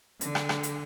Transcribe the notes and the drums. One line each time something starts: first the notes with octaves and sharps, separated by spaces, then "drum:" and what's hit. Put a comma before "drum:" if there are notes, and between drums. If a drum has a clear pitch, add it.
D3, drum: hi-hat
drum: rim click
drum: rim click
drum: hi-hat